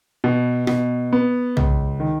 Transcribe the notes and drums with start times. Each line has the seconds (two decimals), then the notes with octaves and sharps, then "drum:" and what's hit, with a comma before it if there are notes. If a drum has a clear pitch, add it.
0.24 B2
0.67 B2, drum: rim click
1.13 B3
1.57 C#2, drum: tom
2.00 D#3